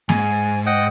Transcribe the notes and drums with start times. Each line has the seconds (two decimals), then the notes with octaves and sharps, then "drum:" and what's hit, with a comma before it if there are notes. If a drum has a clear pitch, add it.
0.09 G#2 G#5, drum: snare
0.66 D#5 F#5 G5